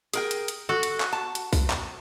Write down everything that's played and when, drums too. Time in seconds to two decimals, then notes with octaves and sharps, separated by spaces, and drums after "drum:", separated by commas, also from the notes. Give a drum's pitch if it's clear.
0.13 G#4 A#4 G5, drum: hi-hat
0.31 drum: hi-hat
0.48 drum: hi-hat
0.69 F#4 A4
0.83 drum: hi-hat
1.00 drum: clap
1.13 A5
1.35 drum: hi-hat
1.53 drum: kick, open hi-hat
1.70 drum: clap